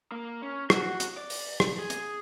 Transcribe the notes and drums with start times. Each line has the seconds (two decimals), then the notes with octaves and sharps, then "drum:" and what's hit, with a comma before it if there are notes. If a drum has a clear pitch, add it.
0.12 A#3
0.42 C#4
0.70 F#4, drum: rim click
1.00 drum: hi-hat
1.17 D5
1.30 drum: open hi-hat
1.60 drum: rim click
1.79 G#4
1.90 drum: hi-hat